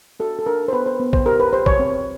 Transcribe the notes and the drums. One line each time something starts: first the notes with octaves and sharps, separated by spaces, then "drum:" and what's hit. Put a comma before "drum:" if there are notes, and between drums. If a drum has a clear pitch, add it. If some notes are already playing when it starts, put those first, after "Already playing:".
F#4 A4
A4
D4 A#4
C5
B3 B4
C5
B3
C5, drum: kick
G4 A#4
B4
G4 C5
C#5, drum: kick
C4